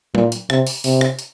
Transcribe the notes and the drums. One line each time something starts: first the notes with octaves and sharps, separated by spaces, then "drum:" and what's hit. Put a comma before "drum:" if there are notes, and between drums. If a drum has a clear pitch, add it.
A#2, drum: tom F#3
drum: hi-hat
C3, drum: rim click
drum: open hi-hat
C3, drum: open hi-hat
drum: rim click
drum: hi-hat